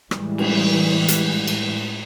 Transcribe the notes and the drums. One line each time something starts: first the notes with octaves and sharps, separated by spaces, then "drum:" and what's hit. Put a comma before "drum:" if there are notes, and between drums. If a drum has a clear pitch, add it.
A2 E3 G3 G#3, drum: rim click
drum: cymbal
drum: hi-hat
drum: cymbal